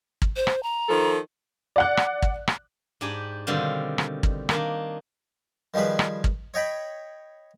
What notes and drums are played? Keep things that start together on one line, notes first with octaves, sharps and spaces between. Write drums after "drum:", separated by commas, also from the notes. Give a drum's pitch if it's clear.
drum: kick
C5
drum: rim click
A#5
D#3 F3 A4
D5 F#5 F#6
drum: rim click
drum: kick
drum: rim click
G#2 D4 G4 G#5 B5
B2 D3 D#3 G3 C4 F4
drum: rim click
drum: kick
D#3 A#3 D4, drum: rim click
D#3 F3 G3 G#4 B4
drum: rim click
drum: kick
C#5 D#5 G5 B5